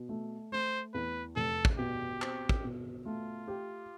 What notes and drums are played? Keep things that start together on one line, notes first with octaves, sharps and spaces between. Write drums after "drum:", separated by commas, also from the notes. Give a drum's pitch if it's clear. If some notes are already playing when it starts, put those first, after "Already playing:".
Already playing: B2
A3
A3 C5
E2 B4
F1 A4
drum: kick
B2 G4
C4, drum: clap
drum: kick
B2
A3 F4
G4